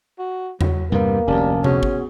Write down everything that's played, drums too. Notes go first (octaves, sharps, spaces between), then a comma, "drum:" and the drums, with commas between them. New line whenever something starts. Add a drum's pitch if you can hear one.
F#4
F#3, drum: tom E2
G2 C3 G3 A#3 B3
F1 D2 G3 C#4 A#4 A5
B3 C#4 F#4 G#4, drum: tom C3
drum: kick